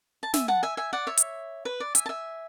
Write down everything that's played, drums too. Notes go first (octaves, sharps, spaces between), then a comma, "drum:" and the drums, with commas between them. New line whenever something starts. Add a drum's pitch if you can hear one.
A5
E5 G#5, drum: snare
F#5 A5
E5 G#5
E5 G#5
D5 F#5
C#5 E5
drum: hi-hat
B4
D5
E5 G#5, drum: hi-hat
A5
E5 G#5